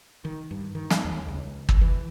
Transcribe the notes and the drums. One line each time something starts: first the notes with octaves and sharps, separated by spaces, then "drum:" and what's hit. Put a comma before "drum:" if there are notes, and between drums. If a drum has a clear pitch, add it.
D#3
G2
D#3
drum: snare
D#2
C#2
drum: kick
E3